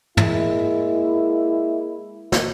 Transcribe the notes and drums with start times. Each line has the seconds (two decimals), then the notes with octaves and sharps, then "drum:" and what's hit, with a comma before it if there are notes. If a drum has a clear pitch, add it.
0.17 G#3 A#3 E4, drum: tom
2.32 drum: snare